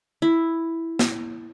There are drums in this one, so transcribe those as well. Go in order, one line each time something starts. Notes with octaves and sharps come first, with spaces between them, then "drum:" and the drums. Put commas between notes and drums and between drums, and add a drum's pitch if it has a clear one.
E4
drum: snare